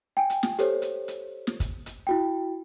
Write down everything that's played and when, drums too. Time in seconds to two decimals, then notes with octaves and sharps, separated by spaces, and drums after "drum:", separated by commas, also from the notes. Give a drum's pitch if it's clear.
0.17 G5 G#5
0.30 drum: hi-hat
0.43 drum: snare
0.59 G4 A4 C5 C#5, drum: hi-hat
0.82 drum: hi-hat
1.08 drum: hi-hat
1.47 drum: snare
1.60 drum: kick, hi-hat
1.86 drum: hi-hat
2.07 E4 F#4 G5